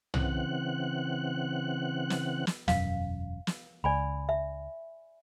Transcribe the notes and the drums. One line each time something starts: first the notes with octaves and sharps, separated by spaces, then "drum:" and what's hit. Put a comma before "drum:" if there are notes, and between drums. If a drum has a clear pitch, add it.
C#3 E3 C4 F#5 F#6, drum: tom
drum: snare
drum: snare
E1 F#2 F5, drum: snare
drum: snare
C#2 D5 G#5 B5
E5